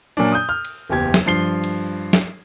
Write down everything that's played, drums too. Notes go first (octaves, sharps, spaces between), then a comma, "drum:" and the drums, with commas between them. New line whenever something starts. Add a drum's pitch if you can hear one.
A#2 F#3 C#4 D4
D#6 G6
F6
drum: cymbal
F#1 E2 G4 G#6
drum: snare
G2 F3 C7 G7
drum: cymbal
drum: snare